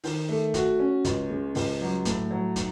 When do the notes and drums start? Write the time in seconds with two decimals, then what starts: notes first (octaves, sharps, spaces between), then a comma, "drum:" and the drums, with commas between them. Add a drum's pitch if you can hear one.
0.04 D#3, drum: open hi-hat
0.29 A3
0.54 F#4, drum: kick, hi-hat
0.79 C#4
1.05 C#2, drum: kick, hi-hat
1.30 C#3
1.55 C#2, drum: open hi-hat
1.81 F#3
2.05 A2, drum: kick, hi-hat
2.31 F#3
2.56 D#4, drum: kick, hi-hat